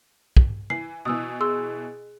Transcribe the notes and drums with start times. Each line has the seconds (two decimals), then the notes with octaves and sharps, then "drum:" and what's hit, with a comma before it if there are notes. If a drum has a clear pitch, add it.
0.37 drum: kick
0.70 E3 C7
1.05 B2 E3 D#6 E6
1.40 G#4 C6 E6